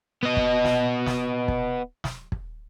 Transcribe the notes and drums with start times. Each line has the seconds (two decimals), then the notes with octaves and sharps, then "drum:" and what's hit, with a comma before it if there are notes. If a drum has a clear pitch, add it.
0.23 B3 D#5
0.37 drum: kick
0.65 drum: snare
1.06 drum: snare
1.48 drum: kick
2.04 drum: snare
2.32 drum: kick